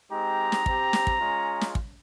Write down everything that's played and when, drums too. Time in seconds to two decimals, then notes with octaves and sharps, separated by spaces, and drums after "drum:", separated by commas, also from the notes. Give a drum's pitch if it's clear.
0.11 G#3 C4 D#4 G4 A#5
0.52 drum: snare
0.66 C4 G4, drum: kick
0.93 drum: snare
1.07 drum: kick
1.20 G#3 C#4 F4
1.61 drum: snare
1.75 drum: kick